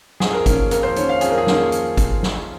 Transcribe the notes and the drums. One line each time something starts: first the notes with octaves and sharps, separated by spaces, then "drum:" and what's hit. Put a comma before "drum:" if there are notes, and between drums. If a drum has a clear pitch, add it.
F2 G#4, drum: snare
A#4
D#3 A#3 C#4 G#4, drum: kick G#1, hi-hat
F2 A#4, drum: hi-hat
C5
D#3 A#3 C#4 C#5, drum: hi-hat
F5
F2 G#4, drum: hi-hat
A#4
G#4
D#3 A#3 C#4, drum: snare
drum: hi-hat
drum: kick G#1, hi-hat
drum: snare